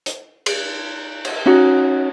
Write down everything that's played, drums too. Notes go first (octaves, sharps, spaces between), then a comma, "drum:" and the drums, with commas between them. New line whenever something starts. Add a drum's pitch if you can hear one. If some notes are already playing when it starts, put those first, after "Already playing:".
drum: hi-hat
drum: cymbal
drum: cymbal
C#4 D#4 F#4